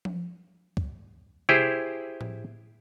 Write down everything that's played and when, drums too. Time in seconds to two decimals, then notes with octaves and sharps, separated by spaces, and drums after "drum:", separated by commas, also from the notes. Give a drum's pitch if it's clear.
0.05 drum: tom F3
0.77 drum: kick C#2
1.49 E4 G4 G#4 C5, drum: tom C3
2.21 drum: tom A2